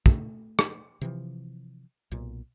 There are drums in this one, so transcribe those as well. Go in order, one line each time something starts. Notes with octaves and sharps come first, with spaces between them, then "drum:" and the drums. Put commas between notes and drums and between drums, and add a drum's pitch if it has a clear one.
A3, drum: kick
drum: rim click
C3 E3 F3
B1 A#2